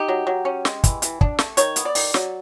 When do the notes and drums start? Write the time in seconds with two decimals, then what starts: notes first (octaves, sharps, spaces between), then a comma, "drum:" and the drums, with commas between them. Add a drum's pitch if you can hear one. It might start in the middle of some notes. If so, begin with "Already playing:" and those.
Already playing: D#4 G4
0.08 F#3
0.27 F#3
0.45 C#4
0.65 G#3, drum: snare
0.84 E3, drum: kick, hi-hat
1.02 E3, drum: hi-hat
1.21 D4, drum: kick
1.39 A3, drum: snare
1.57 D#3 C#5, drum: hi-hat
1.76 B3, drum: hi-hat
1.85 D5
1.95 D#3, drum: open hi-hat
2.14 F#3, drum: snare